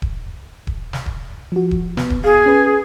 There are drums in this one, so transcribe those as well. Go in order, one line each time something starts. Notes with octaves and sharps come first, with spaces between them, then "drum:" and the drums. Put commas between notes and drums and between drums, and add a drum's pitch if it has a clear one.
drum: kick D#1
drum: kick D#1
drum: snare
drum: kick D#1
F3 F#4
drum: kick D#1
B3, drum: snare
drum: kick D#1
G#4 F5
C#4 B4